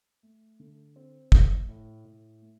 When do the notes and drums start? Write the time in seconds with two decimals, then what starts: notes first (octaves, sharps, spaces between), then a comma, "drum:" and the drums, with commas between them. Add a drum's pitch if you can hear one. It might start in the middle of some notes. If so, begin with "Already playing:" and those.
0.23 A3
0.60 D3
0.96 C4
1.32 A3, drum: kick
1.68 A2
2.05 A2
2.42 A3